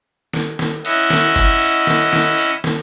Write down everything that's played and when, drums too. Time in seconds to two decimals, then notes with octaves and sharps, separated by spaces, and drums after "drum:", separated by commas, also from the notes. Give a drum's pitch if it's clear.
0.34 drum: snare
0.59 drum: snare
0.85 C#4 E4 D#5 E5 F#5, drum: hi-hat
1.10 drum: snare
1.36 drum: kick G1, hi-hat
1.62 drum: hi-hat
1.87 drum: snare
2.13 drum: snare
2.38 drum: hi-hat
2.64 drum: snare